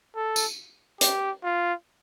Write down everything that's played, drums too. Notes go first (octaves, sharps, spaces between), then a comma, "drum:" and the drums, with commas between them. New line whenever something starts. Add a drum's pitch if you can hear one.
A4
drum: tambourine
G4, drum: hi-hat
F4